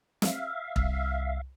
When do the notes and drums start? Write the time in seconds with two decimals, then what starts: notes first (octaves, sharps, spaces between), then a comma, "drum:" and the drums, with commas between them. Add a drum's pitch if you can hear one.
0.22 E5 F5, drum: snare
0.76 C2, drum: kick